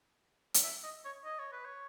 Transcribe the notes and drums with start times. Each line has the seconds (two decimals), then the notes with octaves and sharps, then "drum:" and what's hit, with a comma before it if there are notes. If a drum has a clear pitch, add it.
0.54 drum: hi-hat
0.63 E5
0.84 D#5
1.05 C#5
1.24 D#5
1.39 C#5
1.52 B4
1.65 C#5